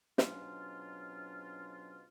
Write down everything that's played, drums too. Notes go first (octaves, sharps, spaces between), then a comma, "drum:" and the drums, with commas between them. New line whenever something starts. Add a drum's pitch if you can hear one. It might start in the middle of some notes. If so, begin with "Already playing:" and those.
G#2 B2 F#3 C#4 D4 F4, drum: snare